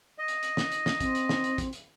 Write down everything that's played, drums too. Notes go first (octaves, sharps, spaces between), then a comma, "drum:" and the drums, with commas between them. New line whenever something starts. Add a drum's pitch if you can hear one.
D#5
drum: hi-hat
drum: hi-hat
drum: snare
drum: hi-hat
drum: snare
C4, drum: kick, hi-hat
drum: hi-hat
drum: snare
drum: hi-hat
drum: kick, hi-hat
drum: hi-hat